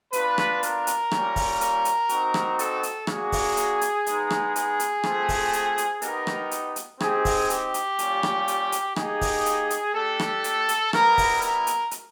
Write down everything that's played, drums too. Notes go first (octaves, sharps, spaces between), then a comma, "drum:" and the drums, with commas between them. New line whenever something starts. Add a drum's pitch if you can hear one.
B3 D4 F4 B4, drum: hi-hat
drum: rim click
A#4, drum: hi-hat
drum: hi-hat
G3 A#3 C#4 F4, drum: rim click
drum: kick, open hi-hat
A#4, drum: hi-hat
drum: hi-hat
C4 D#4 F#4, drum: hi-hat
drum: rim click
A4, drum: hi-hat
drum: hi-hat
A#3 D4 F#4 G#4, drum: rim click
drum: kick, open hi-hat
drum: hi-hat
drum: hi-hat
G#3 B3 D#4, drum: hi-hat
drum: rim click
G#4, drum: hi-hat
drum: hi-hat
A3 C4 F4, drum: rim click
drum: kick, open hi-hat
drum: hi-hat
drum: hi-hat
B3 D#4 G4 A#4, drum: hi-hat
drum: rim click
drum: hi-hat
drum: hi-hat
C4 D#4 G4 G#4, drum: rim click
drum: kick, open hi-hat
G4, drum: hi-hat
drum: hi-hat
G3 A#3 C#4 F4, drum: hi-hat
drum: rim click
drum: hi-hat
drum: hi-hat
A#3 D#4 G4 G#4, drum: rim click
drum: kick, open hi-hat
drum: hi-hat
drum: hi-hat
A3 D4 G4 A4
drum: rim click
drum: hi-hat
drum: hi-hat
G3 B3 E4 A#4, drum: rim click
drum: kick, open hi-hat
A#4, drum: hi-hat
drum: hi-hat
drum: hi-hat